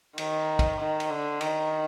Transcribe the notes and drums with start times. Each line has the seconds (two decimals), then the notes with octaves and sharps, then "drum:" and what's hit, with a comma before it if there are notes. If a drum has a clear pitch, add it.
0.18 D#3, drum: cymbal
0.59 drum: kick, cymbal
0.79 D#3
1.00 drum: cymbal
1.10 D3
1.41 D#3, drum: cymbal